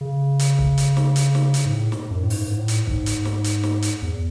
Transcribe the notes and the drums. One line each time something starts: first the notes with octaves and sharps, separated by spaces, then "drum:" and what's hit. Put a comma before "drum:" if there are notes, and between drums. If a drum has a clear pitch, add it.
C#3
drum: hi-hat
drum: kick
drum: hi-hat
drum: snare
drum: hi-hat
drum: snare
drum: hi-hat
G#2
A2
drum: snare
F#2
A2
G#2, drum: open hi-hat
G#2
A2
drum: hi-hat
G#2, drum: kick
drum: hi-hat
drum: snare
drum: hi-hat
drum: snare
drum: hi-hat
E2